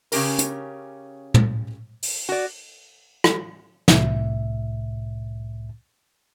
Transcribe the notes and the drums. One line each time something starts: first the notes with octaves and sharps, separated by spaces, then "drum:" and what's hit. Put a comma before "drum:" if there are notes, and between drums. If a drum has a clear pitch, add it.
C#3 C#4 G4 A#4, drum: open hi-hat
drum: hi-hat
drum: tom
drum: open hi-hat
F#4 D5
drum: rim click
C2 A2 E5, drum: snare